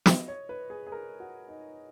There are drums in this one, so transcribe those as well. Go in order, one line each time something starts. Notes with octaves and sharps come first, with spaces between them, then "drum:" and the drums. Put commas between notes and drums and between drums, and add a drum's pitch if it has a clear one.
D#5, drum: snare
C#5
B4
G#4
G#4
A#4
F#4
D#4